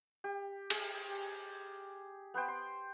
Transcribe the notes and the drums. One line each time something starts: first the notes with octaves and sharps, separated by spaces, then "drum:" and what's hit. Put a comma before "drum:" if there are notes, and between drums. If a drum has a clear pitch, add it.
G4
G4 G#4, drum: cymbal
B3 B4 C5 G5
C6